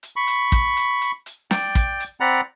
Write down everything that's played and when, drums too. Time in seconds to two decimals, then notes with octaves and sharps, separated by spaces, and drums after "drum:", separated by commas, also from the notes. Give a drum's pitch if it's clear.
0.03 drum: hi-hat
0.16 B5 C#6
0.27 drum: hi-hat
0.52 drum: kick, hi-hat
0.77 drum: hi-hat
1.01 drum: hi-hat
1.26 drum: hi-hat
1.51 D5 G5, drum: snare
1.75 drum: kick, hi-hat
2.00 drum: hi-hat
2.20 C4 D5 F#5 A#5 B5